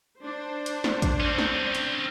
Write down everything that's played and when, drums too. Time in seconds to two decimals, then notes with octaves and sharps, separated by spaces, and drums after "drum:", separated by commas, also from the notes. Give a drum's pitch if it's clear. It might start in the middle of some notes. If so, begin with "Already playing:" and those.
0.19 D4 C5
0.66 drum: hi-hat
0.84 drum: snare
1.02 drum: kick, hi-hat
1.20 C4 C#4
1.38 drum: snare
1.75 drum: hi-hat